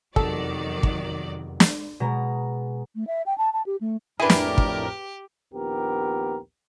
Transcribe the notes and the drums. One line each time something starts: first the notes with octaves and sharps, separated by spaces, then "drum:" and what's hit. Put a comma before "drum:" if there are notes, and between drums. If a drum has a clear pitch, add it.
F1 E2 D#3 F#3 A4 D5, drum: kick
drum: kick
drum: snare
B2 G#3 A#5
A3
E5
G5
A5
A5
G4
A3
F2 A2 D4 E4 G4 G#4 A#4 B4
drum: snare
drum: kick
A#1 D#2 B3 G4 A#4